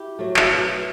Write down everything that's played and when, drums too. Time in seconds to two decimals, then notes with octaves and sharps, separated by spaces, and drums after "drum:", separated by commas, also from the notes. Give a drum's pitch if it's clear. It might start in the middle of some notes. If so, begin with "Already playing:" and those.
Already playing: E4 G4
0.19 F#3 A3
0.37 drum: clap
0.51 B2